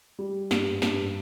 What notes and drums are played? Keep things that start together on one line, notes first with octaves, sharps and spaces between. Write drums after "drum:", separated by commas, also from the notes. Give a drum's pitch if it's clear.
G3
G2, drum: snare
G2, drum: snare